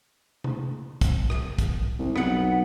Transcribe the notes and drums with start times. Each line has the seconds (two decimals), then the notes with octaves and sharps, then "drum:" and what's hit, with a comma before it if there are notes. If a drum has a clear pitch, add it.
0.44 drum: tom C3
1.01 drum: kick, hi-hat
1.30 drum: rim click
1.59 drum: kick, hi-hat
1.99 C2
2.16 B1 B3 F#5, drum: rim click